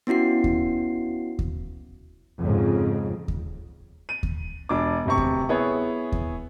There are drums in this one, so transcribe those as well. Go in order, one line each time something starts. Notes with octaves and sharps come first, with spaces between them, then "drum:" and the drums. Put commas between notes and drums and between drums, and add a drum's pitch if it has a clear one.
B3 C#4 E4 F#4 C7
drum: kick D#2
drum: kick D#2
F2 G#2 C#3
drum: kick D#2
D#7
drum: kick D#2
E1 D4 D6
D1 C3 C#6
drum: kick D#2
B3 E4 G#4 C#5
drum: kick D#2